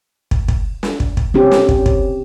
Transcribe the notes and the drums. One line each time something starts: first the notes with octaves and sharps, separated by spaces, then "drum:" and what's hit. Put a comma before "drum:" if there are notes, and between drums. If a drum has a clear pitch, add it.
drum: kick
drum: kick
drum: snare
drum: kick
drum: kick
C4 C#4 G4
drum: snare
drum: kick
drum: kick